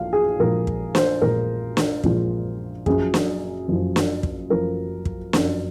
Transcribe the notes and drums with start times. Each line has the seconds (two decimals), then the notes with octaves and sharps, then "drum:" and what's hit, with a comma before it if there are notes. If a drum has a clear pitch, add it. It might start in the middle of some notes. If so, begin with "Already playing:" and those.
Already playing: A#1 A#2 F5
0.13 G#4
0.39 A#1 A#2 F3 G#3 A#4
0.67 drum: kick
0.95 C5, drum: snare
1.21 A#1 A#2 F3 G#3 A#4
1.77 drum: snare
2.04 A#1 A#2 F3 G#3, drum: kick
2.86 F#1 F#2 F3 G#4, drum: kick
3.14 drum: snare
3.68 F#1 F#2 F3
3.96 drum: snare
4.23 drum: kick
4.50 F#1 F#2 F3 A#4
5.05 drum: kick
5.33 F#1 F#2 F3, drum: snare